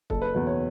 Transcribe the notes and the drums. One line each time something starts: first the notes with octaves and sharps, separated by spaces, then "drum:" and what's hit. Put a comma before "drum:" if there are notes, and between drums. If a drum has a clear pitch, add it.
F#1 A4, drum: kick
B4
E2 B2 B4
C#5